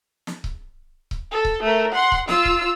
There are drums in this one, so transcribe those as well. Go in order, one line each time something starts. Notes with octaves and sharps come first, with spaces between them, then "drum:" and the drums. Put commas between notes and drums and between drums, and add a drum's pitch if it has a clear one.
drum: snare
drum: kick C#1
drum: kick C#1
A4
drum: kick C#1
A3 A#4
F#5 C6
drum: kick C#1
F4 E6, drum: snare
drum: kick C#1